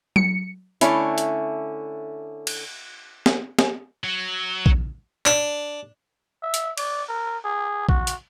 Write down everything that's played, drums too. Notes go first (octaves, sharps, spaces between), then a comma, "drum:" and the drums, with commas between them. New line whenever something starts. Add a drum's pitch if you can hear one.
C#7, drum: tom F#3
D3 A3 C#4 E4, drum: hi-hat
drum: hi-hat
drum: cymbal
drum: snare
drum: snare
F#3
drum: kick A#1
D4, drum: clap
E5
drum: hi-hat
D5, drum: cymbal
A#4
G#4
F#4, drum: kick A#1
drum: hi-hat